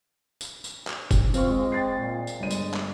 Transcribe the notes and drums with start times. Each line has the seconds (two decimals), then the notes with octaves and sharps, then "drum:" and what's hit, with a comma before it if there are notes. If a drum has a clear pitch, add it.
0.41 drum: tambourine
0.64 drum: tambourine
0.87 drum: clap
1.11 drum: kick F#1, tambourine
1.34 C4 F4 C5 C#6, drum: tambourine
1.49 G#3
1.72 G5 A6 C7
1.97 A#2
2.27 drum: tambourine
2.40 G1 G#3 D#7
2.51 drum: tambourine
2.74 drum: clap